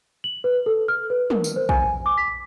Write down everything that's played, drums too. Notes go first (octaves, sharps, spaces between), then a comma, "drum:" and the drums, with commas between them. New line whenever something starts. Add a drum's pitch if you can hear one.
F#7
B4
A4
F6
B4
A#4, drum: tom
drum: tambourine
C5
G#5, drum: kick A#1
D6
B6